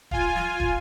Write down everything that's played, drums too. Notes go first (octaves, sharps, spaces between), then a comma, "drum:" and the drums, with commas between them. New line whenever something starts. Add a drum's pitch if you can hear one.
F4 G#5, drum: kick
drum: snare
drum: kick